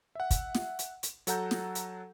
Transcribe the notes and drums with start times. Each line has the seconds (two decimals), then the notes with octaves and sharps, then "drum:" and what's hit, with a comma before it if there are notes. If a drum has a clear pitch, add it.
0.15 E5 F#5
0.31 drum: kick, hi-hat
0.55 drum: snare
0.79 drum: hi-hat
1.03 drum: hi-hat
1.27 F#3 A4 F#5 A#5 G6, drum: hi-hat
1.51 drum: snare
1.75 drum: hi-hat